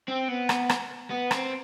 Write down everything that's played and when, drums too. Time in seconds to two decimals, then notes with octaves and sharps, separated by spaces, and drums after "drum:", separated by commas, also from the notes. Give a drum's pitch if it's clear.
0.08 C4
0.28 B3
0.49 drum: rim click
0.69 drum: rim click
1.10 B3
1.31 C4, drum: rim click